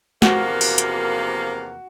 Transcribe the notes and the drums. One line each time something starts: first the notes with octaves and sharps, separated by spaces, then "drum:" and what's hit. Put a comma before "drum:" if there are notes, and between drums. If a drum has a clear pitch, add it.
E2 C3 F3 A#3 F#4, drum: snare
drum: open hi-hat
drum: hi-hat